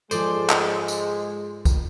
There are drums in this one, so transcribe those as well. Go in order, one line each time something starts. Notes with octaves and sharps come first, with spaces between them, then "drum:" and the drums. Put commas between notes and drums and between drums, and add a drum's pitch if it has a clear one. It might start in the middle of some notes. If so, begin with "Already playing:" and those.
G#2 F3 G#3 A4 C5 D5 G#5, drum: tambourine
drum: clap
drum: tambourine
drum: kick, tambourine